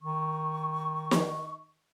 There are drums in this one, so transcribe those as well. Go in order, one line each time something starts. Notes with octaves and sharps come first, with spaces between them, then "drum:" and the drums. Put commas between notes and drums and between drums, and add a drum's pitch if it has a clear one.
D#3 C#6
drum: snare